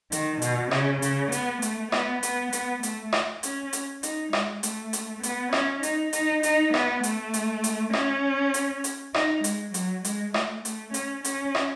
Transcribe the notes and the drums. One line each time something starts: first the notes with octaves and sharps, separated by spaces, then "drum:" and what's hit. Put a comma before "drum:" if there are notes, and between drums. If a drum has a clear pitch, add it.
D#3, drum: hi-hat
B2, drum: hi-hat
C#3, drum: rim click
C#3, drum: hi-hat
B3, drum: hi-hat
A3, drum: hi-hat
B3, drum: rim click
B3, drum: hi-hat
B3, drum: hi-hat
A3, drum: hi-hat
drum: rim click
C#4, drum: hi-hat
drum: hi-hat
D#4, drum: hi-hat
G#3, drum: rim click
A3, drum: hi-hat
drum: hi-hat
B3, drum: hi-hat
C#4, drum: rim click
D#4, drum: hi-hat
D#4, drum: hi-hat
D#4, drum: hi-hat
B3, drum: rim click
A3, drum: hi-hat
drum: hi-hat
drum: hi-hat
C#4, drum: rim click
drum: hi-hat
drum: hi-hat
D#4, drum: rim click
G#3, drum: hi-hat
F#3, drum: hi-hat
G#3, drum: hi-hat
A3, drum: rim click
A3, drum: hi-hat
C#4, drum: hi-hat
C#4, drum: hi-hat
drum: rim click